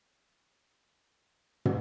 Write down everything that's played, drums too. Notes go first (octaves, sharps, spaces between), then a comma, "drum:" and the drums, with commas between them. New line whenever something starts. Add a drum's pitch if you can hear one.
D4
E4
F#4
D4
D4
drum: tom